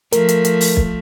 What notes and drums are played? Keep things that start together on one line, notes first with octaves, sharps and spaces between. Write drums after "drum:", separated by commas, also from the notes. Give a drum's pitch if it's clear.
F3 A3 A#4, drum: hi-hat
drum: hi-hat
drum: hi-hat
drum: open hi-hat
drum: kick